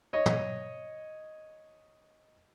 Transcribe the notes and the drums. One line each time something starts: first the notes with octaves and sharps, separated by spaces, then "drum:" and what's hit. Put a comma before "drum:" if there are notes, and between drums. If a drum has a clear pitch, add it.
C#5 D#5
drum: tom